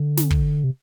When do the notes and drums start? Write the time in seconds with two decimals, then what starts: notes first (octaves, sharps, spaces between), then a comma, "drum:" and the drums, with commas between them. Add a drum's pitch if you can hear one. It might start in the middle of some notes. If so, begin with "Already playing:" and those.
Already playing: D3
0.17 drum: snare
0.30 drum: kick
0.64 C3